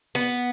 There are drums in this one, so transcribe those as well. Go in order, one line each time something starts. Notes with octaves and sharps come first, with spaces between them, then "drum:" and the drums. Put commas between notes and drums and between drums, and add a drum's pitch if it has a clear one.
B3, drum: tambourine